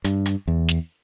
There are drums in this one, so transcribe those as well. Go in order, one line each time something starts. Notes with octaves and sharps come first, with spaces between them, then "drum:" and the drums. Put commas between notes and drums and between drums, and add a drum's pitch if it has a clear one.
G2, drum: hi-hat
drum: hi-hat
E2
drum: snare